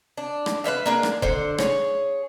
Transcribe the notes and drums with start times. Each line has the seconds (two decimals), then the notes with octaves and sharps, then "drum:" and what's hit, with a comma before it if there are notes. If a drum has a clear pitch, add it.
0.17 D4
0.46 drum: rim click
0.64 B4 C5 E5 F5
0.86 A#3 D4 G#4
1.03 drum: rim click
1.22 D3 C5, drum: kick F1
1.58 G#4 C#5, drum: rim click